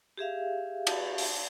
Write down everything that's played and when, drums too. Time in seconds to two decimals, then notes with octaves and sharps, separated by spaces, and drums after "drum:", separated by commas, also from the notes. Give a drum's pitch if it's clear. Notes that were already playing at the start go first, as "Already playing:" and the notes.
0.17 G4 G#4 E5 F5
0.87 drum: cymbal
1.18 drum: open hi-hat